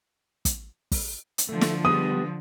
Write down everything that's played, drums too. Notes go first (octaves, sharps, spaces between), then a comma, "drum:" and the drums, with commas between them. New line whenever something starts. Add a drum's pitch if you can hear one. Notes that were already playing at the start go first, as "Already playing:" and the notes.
drum: kick, hi-hat
drum: kick, open hi-hat
drum: hi-hat
D3 F3 A3
drum: snare
G3 B3 D#6